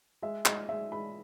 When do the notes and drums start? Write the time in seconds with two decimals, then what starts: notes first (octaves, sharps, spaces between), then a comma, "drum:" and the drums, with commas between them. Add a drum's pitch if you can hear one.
0.22 G#3 E5
0.46 G#3 D#5, drum: clap
0.69 G#3 E5
0.92 G#3 B5